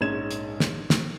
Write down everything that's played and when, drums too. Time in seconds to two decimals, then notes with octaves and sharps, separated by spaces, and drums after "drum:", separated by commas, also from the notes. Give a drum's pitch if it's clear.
0.01 A#1 G#2 C#4 G#6 E7
0.31 drum: hi-hat
0.60 drum: snare
0.90 drum: snare